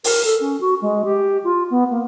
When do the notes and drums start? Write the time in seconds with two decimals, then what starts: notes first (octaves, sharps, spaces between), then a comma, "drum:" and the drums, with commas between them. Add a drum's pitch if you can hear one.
0.04 A#4, drum: open hi-hat
0.24 A4
0.40 C#4
0.60 F#4
0.81 G#3
1.04 G4
1.44 F4
1.70 B3
1.90 A#3